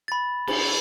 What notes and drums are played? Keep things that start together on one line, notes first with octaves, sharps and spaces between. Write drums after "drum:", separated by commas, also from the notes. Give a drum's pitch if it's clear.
B5 A6
drum: cymbal